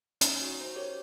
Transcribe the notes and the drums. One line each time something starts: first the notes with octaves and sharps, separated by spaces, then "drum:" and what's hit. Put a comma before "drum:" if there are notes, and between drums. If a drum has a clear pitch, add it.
C#4 D#4, drum: hi-hat
F#4
C5 A#5
G4 A#4 C#5